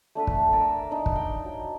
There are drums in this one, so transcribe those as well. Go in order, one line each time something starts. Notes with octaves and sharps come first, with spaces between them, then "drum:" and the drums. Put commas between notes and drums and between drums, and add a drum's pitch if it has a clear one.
A3 D4 A4 B4
drum: kick
A#4 D5 A5 E6
D4 D#4
drum: kick
G5
F#3